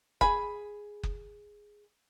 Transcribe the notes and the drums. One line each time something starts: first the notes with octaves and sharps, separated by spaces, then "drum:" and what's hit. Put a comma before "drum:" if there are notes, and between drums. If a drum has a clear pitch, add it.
G#4 B5, drum: kick F#1
drum: kick F#1